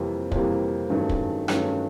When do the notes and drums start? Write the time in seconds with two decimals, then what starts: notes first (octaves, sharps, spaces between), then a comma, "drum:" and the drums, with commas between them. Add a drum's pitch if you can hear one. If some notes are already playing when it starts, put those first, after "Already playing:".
Already playing: F2 C3 E3 G3 A#3
0.32 F2 C3 E3 G3 A#3, drum: kick
0.90 G2 D#3 F#3 A3 C#4
1.09 drum: kick
1.48 G2 D#3 F#3 A3 C#4, drum: rim click